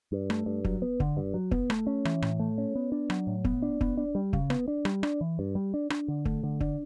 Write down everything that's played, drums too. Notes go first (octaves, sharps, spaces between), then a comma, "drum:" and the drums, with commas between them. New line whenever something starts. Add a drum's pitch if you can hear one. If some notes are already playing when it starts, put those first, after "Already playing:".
G2
A3, drum: rim click
G2
F#3, drum: kick
B3
D3, drum: kick
G2
F#3
B3, drum: kick
A3, drum: rim click
C#4
E3, drum: rim click
A2, drum: rim click
A3
C#4
B3
D4
F#3, drum: rim click
A2
B3, drum: kick
D4
B3, drum: kick
D4
G3
C#3, drum: kick
B3, drum: rim click
D4
G3, drum: rim click
D4, drum: rim click
E3
G2
G3
D4
D4, drum: rim click
D3
A3, drum: kick
D3
D4, drum: kick